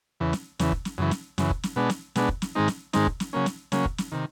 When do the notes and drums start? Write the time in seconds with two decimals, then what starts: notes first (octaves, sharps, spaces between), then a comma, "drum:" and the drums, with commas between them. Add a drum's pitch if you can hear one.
0.20 E2 C#3 E3
0.33 drum: snare
0.59 E2 C#3 E3, drum: snare
0.72 drum: kick
0.85 drum: snare
0.98 F#2 C#3 E3
1.11 drum: snare
1.38 F#2 C#3 E3, drum: snare
1.50 drum: kick
1.63 drum: snare
1.76 B2 G#3 B3 D4
1.90 drum: snare
2.16 B2 G#3 B3 D4, drum: snare
2.29 drum: kick
2.42 drum: snare
2.55 G#2 D#3 G#3 C4 D#4
2.68 drum: snare
2.93 G#2 D#3 G#3 C4 D#4, drum: snare
3.07 drum: kick
3.20 drum: snare
3.33 C#3 F#3 A#3 C#4
3.46 drum: snare
3.72 C#3 F#3 A#3 C#4, drum: snare
3.85 drum: kick
3.98 drum: snare
4.12 C3 D#3